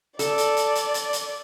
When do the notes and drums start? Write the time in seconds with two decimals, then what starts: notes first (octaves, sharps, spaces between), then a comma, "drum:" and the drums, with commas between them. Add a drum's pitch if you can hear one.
0.19 A4 D5, drum: hi-hat
0.38 drum: hi-hat
0.57 drum: hi-hat
0.75 drum: hi-hat
0.94 drum: hi-hat
1.13 drum: hi-hat